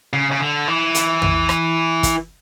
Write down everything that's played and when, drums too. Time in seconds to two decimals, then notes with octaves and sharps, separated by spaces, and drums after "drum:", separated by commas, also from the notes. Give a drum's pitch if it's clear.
0.13 C#3
0.31 C#3
0.40 D3
0.68 E3
0.95 drum: hi-hat
1.22 drum: tom
1.49 drum: rim click
2.03 drum: kick, hi-hat